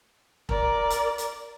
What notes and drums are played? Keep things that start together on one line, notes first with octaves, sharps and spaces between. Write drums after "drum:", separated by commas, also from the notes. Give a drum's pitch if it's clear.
A#4 D5, drum: kick E1
drum: hi-hat
drum: hi-hat